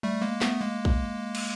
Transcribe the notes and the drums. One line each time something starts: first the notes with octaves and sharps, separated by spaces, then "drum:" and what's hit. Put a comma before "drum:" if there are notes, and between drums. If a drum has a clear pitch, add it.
G3 A3
G#3 A#3
A3 B3, drum: snare
G#3 A#3
drum: kick A#1
drum: cymbal